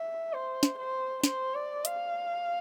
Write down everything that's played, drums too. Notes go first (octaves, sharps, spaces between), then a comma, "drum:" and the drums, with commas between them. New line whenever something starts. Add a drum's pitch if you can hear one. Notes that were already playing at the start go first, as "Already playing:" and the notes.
Already playing: E5
C5
drum: snare
C5
C5, drum: snare
D5
F5, drum: hi-hat